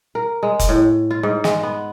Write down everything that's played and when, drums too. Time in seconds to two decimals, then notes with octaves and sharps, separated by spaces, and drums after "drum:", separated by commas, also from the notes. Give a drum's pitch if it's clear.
0.15 A#4
0.43 G#3
0.59 drum: kick F1, hi-hat
0.69 A2
1.11 F4
1.23 G#2
1.44 G#3, drum: snare
1.63 B3